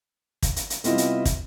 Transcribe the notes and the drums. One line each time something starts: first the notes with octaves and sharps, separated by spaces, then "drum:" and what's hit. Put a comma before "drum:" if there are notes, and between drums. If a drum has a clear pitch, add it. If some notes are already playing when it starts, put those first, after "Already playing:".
drum: kick, hi-hat
drum: hi-hat
drum: hi-hat
C3 G3 B3 E4 F4 D#5, drum: hi-hat
drum: hi-hat
drum: kick, hi-hat